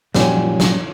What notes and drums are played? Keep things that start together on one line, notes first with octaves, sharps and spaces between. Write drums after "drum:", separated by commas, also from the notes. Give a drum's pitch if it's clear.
F#2 A#2 F3 G3 C#4, drum: snare
drum: snare